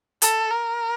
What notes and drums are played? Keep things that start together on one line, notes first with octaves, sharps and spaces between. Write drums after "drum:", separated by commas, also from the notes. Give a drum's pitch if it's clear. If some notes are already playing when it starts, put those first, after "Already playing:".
A4, drum: hi-hat
A#4